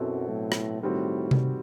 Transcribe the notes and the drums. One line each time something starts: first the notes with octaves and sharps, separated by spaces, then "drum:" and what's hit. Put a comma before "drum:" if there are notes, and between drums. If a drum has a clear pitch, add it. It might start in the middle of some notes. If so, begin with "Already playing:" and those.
Already playing: F#2 B2 F#3 C4 E4 A4
A2
drum: rim click
A2 D#3 G3 C4 F#4
drum: tom C3